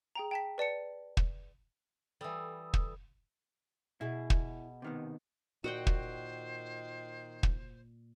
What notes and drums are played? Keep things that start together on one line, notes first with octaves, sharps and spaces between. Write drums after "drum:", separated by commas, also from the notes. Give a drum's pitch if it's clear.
G#4 G5 A#5
G5 A5 B6
B4 D5 A5 C#7
drum: kick
E3 G3 A4 D#6 E6
drum: kick
B2 E4 G#4
drum: kick
C3 D#3 B3
A#2 D#3 F#4 C5 F#5 G5
drum: kick
drum: kick